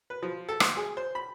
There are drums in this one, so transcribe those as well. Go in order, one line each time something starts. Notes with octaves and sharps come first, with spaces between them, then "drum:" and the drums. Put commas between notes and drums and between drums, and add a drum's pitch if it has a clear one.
B4
F3
A4
C6, drum: rim click
G#4
C5
B5